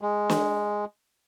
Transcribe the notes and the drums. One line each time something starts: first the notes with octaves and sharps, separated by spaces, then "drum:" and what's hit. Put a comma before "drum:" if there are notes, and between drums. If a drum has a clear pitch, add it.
G#3
drum: snare